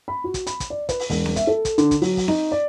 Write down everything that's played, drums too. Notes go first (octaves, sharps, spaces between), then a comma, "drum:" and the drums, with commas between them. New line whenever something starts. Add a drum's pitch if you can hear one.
B5
F#4
drum: kick, hi-hat
B5, drum: hi-hat
drum: kick, hi-hat
D5
B4, drum: kick, hi-hat
drum: open hi-hat
E1, drum: kick, open hi-hat
drum: snare C4
E5, drum: kick, hi-hat
A4
drum: kick, hi-hat
D3, drum: hi-hat
drum: kick, hi-hat
F#3, drum: open hi-hat
drum: kick, open hi-hat
D#4, drum: snare C4
D5